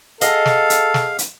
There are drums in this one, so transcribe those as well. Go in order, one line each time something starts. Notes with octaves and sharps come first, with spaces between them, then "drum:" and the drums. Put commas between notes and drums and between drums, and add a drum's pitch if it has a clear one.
G#4 A4 D#5 F5 F#5, drum: hi-hat
drum: snare
drum: hi-hat
drum: snare
drum: hi-hat